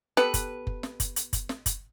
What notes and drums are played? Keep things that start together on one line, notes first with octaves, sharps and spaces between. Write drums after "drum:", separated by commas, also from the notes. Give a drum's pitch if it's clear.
B3 G4 A4 B4, drum: snare
drum: kick F#1, hi-hat
drum: kick F#1
drum: snare
drum: kick F#1, hi-hat
drum: hi-hat
drum: kick F#1, hi-hat
drum: snare
drum: kick F#1, hi-hat